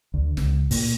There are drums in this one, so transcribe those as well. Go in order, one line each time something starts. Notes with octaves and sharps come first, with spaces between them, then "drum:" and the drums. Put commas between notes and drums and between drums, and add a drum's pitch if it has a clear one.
D2
C#2, drum: snare
A#2, drum: open hi-hat